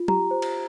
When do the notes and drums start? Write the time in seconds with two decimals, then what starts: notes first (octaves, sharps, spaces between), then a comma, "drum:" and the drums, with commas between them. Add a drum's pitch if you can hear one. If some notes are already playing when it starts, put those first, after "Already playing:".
Already playing: F4
0.08 G4 A#5, drum: tom
0.31 C5
0.42 drum: cymbal